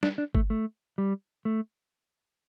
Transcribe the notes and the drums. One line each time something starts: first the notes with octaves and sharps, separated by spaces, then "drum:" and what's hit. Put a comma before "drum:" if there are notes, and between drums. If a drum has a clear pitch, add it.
D4, drum: snare
D4
A3, drum: kick G1
A3
G3
A3